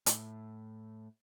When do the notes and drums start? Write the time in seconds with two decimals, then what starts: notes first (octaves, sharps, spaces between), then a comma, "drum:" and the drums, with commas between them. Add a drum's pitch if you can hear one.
0.06 A2, drum: hi-hat